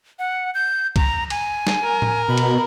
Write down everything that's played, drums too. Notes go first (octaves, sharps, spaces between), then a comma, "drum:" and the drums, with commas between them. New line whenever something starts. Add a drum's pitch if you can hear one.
F#5
G6
A#5, drum: kick, cymbal
G#5, drum: cymbal
drum: snare
A#4
drum: tom A2
B2 B5
drum: cymbal